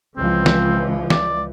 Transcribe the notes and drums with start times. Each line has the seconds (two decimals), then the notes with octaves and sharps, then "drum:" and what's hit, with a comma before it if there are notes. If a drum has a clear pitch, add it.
0.17 C#2 E3 F3 C4
0.46 drum: snare
1.10 D5, drum: snare